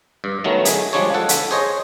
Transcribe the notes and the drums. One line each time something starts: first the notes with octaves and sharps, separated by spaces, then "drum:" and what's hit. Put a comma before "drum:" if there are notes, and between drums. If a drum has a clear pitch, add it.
G2
D#3 F#3 A3 B3
G#4, drum: hi-hat
F3 G3 G#3 D4 C#5
A4 F#5
drum: hi-hat
G#4 C5 C#5 D#5